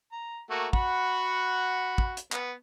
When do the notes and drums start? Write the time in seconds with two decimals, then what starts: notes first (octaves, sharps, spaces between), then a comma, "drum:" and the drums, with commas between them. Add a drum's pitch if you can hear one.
0.12 A#5
0.50 A3 A#3 F#4
0.73 F#4 F#5 B5, drum: kick
1.98 drum: kick
2.17 drum: hi-hat
2.32 B3, drum: clap